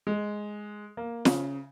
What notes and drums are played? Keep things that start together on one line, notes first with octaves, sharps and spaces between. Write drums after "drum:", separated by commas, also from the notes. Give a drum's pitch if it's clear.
G#3
A#3
C#3, drum: snare